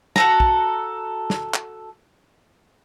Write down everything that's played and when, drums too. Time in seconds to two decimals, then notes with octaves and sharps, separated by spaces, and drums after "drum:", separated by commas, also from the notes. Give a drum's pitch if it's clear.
0.16 F#4 A4 A#5, drum: snare
0.40 drum: kick
1.30 drum: snare
1.54 drum: clap